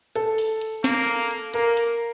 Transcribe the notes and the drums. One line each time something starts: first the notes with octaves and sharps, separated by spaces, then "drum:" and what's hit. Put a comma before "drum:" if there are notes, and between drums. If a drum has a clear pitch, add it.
A4, drum: hi-hat
drum: open hi-hat
drum: hi-hat
A#3, drum: snare
drum: hi-hat
A#3 A#4, drum: hi-hat
drum: hi-hat